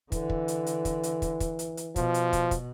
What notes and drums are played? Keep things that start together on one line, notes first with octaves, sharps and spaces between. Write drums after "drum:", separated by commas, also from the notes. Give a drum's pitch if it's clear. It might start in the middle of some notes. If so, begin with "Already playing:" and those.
D3 E3, drum: kick, hi-hat
drum: kick
drum: hi-hat
drum: hi-hat
drum: kick, hi-hat
drum: hi-hat
drum: kick, hi-hat
drum: kick, hi-hat
drum: hi-hat
drum: hi-hat
B2 F3, drum: kick, hi-hat
drum: hi-hat
drum: kick, hi-hat
drum: kick, hi-hat